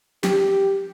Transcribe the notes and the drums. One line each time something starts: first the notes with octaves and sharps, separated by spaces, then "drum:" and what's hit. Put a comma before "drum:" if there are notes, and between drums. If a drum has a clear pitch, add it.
G4, drum: snare